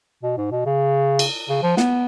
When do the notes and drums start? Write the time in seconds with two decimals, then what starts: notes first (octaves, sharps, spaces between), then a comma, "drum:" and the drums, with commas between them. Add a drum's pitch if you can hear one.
0.23 B2
0.37 G#2
0.51 B2
0.66 C#3
1.19 drum: cymbal
1.49 C#3
1.63 F3
1.77 B3, drum: snare